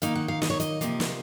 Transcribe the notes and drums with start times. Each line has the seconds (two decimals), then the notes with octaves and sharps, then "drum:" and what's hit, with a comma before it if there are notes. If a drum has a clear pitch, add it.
0.02 D#3 A#3 D#4 F5, drum: hi-hat
0.15 F#5
0.28 F5
0.42 D#5, drum: snare
0.50 C#5
0.60 D#5, drum: hi-hat
0.81 C3 F3 A#3, drum: hi-hat
1.00 drum: snare